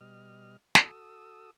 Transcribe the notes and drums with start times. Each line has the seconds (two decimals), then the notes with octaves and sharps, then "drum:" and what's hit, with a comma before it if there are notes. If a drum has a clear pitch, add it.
0.01 B2 G3 D#5 F6
0.75 F#4 A4 D#6 E6, drum: snare